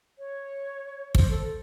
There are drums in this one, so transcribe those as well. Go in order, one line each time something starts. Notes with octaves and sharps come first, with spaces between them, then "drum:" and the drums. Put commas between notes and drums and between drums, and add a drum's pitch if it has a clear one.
C#5
C5, drum: kick
A4